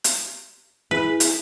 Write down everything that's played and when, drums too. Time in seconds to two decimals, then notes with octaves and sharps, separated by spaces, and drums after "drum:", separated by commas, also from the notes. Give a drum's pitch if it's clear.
0.04 drum: hi-hat
0.91 E4 G#4 B4
1.20 drum: hi-hat